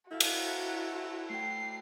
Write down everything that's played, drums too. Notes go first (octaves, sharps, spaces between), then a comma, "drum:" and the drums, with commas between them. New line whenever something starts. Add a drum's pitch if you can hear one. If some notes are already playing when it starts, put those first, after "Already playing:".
E4 F#4 A4 F5
drum: cymbal
A3 G5 C7